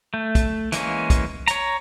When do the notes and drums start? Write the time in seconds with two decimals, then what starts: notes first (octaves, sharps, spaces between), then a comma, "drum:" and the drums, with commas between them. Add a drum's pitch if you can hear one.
0.14 A3
0.35 drum: kick, hi-hat
0.72 E3 G#3 A#3 C#4, drum: hi-hat
1.10 drum: kick, hi-hat
1.48 C#5 A#5, drum: hi-hat